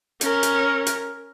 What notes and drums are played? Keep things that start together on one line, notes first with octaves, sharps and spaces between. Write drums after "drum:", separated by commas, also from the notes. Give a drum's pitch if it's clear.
C#4 A#4, drum: hi-hat
drum: hi-hat
drum: hi-hat